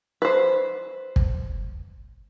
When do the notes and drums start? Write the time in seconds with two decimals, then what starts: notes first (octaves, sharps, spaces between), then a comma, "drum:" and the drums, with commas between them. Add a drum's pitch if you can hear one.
0.22 B4 C5
1.16 drum: kick